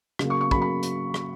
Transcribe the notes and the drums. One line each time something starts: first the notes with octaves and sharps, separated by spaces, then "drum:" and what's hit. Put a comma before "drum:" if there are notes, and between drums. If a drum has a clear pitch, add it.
C#3 F#3 A#3, drum: rim click
C#6
C#6
C#3 F#3 A#3 B5, drum: kick
B5
drum: hi-hat
drum: rim click